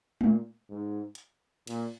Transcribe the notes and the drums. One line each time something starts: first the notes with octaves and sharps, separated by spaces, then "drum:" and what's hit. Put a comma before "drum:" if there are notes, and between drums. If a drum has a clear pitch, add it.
A#2, drum: tom
G#2
drum: hi-hat
A#2, drum: cymbal